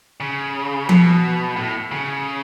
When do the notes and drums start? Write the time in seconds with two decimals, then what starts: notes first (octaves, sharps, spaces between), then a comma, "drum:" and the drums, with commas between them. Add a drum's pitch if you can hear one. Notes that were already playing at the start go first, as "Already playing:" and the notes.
0.20 C#3
0.89 B2, drum: tom F3
1.56 A2
1.91 C#3